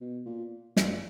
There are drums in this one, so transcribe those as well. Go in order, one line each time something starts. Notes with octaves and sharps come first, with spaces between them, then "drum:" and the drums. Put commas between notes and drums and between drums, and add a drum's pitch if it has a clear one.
B2
A#2
G2, drum: snare